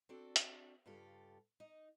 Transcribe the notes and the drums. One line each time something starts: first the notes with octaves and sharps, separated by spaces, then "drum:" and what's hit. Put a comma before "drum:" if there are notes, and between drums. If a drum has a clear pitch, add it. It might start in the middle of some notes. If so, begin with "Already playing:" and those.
C4 D4 F#4 A4 D5
drum: hi-hat
G2 C#3 F4 G4 A4
D#4 D#5